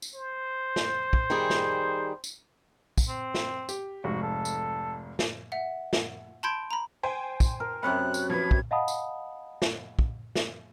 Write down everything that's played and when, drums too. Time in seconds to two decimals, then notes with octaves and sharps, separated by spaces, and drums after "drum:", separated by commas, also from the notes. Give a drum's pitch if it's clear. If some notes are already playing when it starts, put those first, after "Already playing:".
0.02 drum: tambourine
0.14 C5
0.76 drum: snare
1.13 drum: kick
1.30 D#3 G3 G#4
1.50 drum: snare
2.24 drum: tambourine
2.98 drum: kick, tambourine
3.08 C4
3.34 drum: snare
3.69 G4, drum: tambourine
4.04 F1 G#2 F#4
4.23 A4
4.45 drum: tambourine
5.19 drum: snare
5.52 E5 F#5
5.93 drum: snare
6.43 A5 B5 C6 G6 G#6 D7
6.71 A#5 B5
7.03 C5 G5 G#5
7.40 drum: kick, tambourine
7.60 A#4
7.83 F#2 C3 B5 F#6
8.14 drum: tambourine
8.30 F3 B4 G#6
8.51 drum: kick
8.71 D#5 F5 F#5 A5 B5 D#6
8.88 drum: tambourine
9.62 drum: snare
9.99 drum: kick
10.35 drum: snare